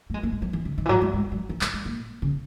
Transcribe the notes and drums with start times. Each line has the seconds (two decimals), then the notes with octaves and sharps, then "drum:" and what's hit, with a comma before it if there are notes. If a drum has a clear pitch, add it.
0.10 A#3
0.14 G#3
0.23 A#3
0.33 G#3
0.42 F#3
0.53 E3
0.65 C#3
0.78 D#3
0.86 E3
0.89 F#3, drum: tom G2
1.02 G#3
1.13 G#3
1.32 F#3
1.49 E3
1.61 F#3, drum: clap
1.74 G#3
1.85 A#2
2.22 C#3